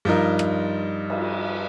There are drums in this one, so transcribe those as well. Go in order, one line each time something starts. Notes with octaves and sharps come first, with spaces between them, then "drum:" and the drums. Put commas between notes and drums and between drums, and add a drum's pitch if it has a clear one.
G2 F3 D#4 A#4
drum: rim click
drum: cymbal